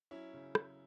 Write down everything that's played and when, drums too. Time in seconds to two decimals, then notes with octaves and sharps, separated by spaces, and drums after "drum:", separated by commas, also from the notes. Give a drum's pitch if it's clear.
0.11 F#3 C#4 E4
0.33 C#3
0.55 F#3, drum: rim click